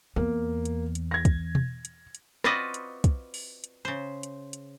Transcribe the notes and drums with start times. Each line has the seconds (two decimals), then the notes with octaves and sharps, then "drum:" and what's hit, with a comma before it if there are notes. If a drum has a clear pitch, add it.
0.16 E2 A#3
0.65 drum: hi-hat
0.95 drum: hi-hat
1.11 G#6 A#6
1.25 drum: kick, hi-hat
1.55 drum: tom B2
1.85 drum: hi-hat
2.15 drum: hi-hat
2.44 C4 F4 F#4 B4 D5 D#5, drum: rim click
2.74 drum: hi-hat
3.04 drum: kick, hi-hat
3.34 drum: open hi-hat
3.64 drum: hi-hat
3.85 C#3 C5
4.23 drum: hi-hat
4.53 drum: hi-hat